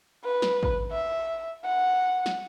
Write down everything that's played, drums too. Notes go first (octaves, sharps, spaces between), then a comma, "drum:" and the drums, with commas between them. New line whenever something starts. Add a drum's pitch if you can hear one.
B4
drum: snare
drum: kick
E5
F#5
drum: snare